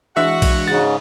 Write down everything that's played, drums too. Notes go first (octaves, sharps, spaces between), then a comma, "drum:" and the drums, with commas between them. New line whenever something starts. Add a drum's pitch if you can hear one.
E3 G#3 D4 F#4 E5 F#5
drum: kick B1, cymbal
G#2 C#3 A6